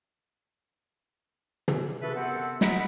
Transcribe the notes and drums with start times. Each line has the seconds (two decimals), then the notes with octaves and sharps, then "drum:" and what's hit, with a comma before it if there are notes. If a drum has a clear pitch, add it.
1.68 drum: tom
2.02 E4 F#4 G#4 A4 B4
2.14 F#2 C3 B3 C4 A4 F#5
2.61 D#5 F#5 A#5 B5, drum: snare